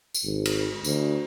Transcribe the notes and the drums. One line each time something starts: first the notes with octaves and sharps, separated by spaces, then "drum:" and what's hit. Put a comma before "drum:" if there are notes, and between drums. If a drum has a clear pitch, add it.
drum: tambourine
G#1
drum: cymbal
D2, drum: tambourine